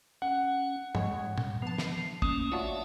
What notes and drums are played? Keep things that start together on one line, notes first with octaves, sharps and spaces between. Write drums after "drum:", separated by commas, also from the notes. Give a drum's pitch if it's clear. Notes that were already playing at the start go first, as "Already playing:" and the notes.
C#4 F#5
G#2 G#3 C#5, drum: tom
drum: tom A#2
F3 B3 A5
drum: snare
A3 A#3 C#4 D#6, drum: kick
D4 F4 F#4 C#5 D5 E5